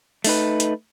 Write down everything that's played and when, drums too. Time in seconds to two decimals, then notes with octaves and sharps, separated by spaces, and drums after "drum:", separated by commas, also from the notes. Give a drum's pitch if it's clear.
0.24 A3 D#4 B4, drum: open hi-hat
0.60 drum: hi-hat